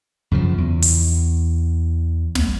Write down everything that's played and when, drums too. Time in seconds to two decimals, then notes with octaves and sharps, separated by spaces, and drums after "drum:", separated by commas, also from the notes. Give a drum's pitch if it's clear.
0.31 F#2 C#3 F3
0.58 E2
0.82 drum: open hi-hat
2.35 drum: snare